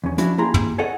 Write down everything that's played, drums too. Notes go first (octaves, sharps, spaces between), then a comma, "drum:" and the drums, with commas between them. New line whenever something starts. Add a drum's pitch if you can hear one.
E2 C#4
F3 C#4 D4 E4 F#4 C#5, drum: hi-hat
A#3 E4 G4 G#4 A#5 C6
drum: tom
G#4 A4 C#5 D#5 F#5